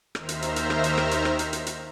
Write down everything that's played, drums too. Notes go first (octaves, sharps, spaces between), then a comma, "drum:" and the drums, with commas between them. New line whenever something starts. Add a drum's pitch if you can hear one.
D#2 D#3 C5 E5 A#5 F6, drum: rim click
drum: hi-hat
drum: hi-hat
drum: hi-hat
drum: rim click
drum: hi-hat
drum: rim click
drum: hi-hat
drum: rim click
drum: hi-hat
drum: hi-hat
drum: hi-hat